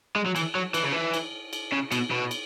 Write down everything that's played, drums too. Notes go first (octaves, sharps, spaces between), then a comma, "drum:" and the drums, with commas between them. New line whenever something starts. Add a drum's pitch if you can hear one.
G#3
F#3
E3, drum: cymbal
F#3
E3, drum: cymbal
C#3
E3
drum: cymbal
drum: cymbal
C#3
B2, drum: cymbal
B2
drum: cymbal